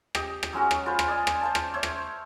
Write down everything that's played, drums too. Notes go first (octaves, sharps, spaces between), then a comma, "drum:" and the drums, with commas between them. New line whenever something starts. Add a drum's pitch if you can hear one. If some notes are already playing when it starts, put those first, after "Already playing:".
G4 D#5, drum: rim click
drum: rim click
F#3 G#3 C#4 F#4
drum: rim click
F4 B4 C5
drum: rim click
D5 D#5 G#5
drum: rim click
C5 F5 A5
drum: rim click
C5 C#5 E5
drum: rim click